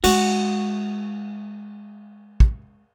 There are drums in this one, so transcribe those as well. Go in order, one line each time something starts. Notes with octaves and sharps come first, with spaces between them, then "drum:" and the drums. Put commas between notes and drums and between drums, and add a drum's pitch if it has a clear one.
G#3 F#4, drum: cymbal
drum: kick